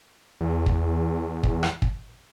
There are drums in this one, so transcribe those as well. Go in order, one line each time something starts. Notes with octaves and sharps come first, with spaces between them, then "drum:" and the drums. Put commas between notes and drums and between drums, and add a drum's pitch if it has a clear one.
E2
drum: kick
drum: kick
drum: rim click
drum: kick